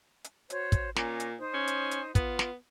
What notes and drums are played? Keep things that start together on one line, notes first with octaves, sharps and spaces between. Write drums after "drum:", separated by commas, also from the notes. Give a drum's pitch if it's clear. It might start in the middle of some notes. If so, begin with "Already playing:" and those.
drum: hi-hat
F#4 C5 C#5, drum: hi-hat
drum: kick, hi-hat
A#2 C#4 A#5 D6, drum: snare
drum: hi-hat
D#4 C5 D#6
C#4
drum: hi-hat
drum: hi-hat
B3 F4, drum: kick, hi-hat
drum: snare